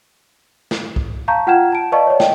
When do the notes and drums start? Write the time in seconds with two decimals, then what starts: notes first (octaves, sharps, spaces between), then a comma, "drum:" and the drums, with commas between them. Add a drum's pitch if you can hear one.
0.71 drum: snare
0.96 drum: kick
1.28 F5 A5 A#5 C#6 G6
1.47 F4 F#5 G5 F6 G#6 E7
1.72 A5 D7
1.92 B4 D5 D#5 F5 A5 C#6
2.07 C#5 D5
2.20 D#5 G5, drum: snare